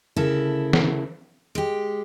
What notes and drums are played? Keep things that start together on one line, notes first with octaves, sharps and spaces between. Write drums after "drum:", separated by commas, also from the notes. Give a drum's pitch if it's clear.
D2 C#3 E4 A4 A#4
drum: snare
G#3 G4